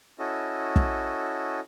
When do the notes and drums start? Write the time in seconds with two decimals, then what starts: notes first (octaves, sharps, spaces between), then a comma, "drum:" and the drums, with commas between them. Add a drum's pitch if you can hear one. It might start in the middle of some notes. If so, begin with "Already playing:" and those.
0.19 C#4 E4 F#4 A4 D#5
0.76 drum: kick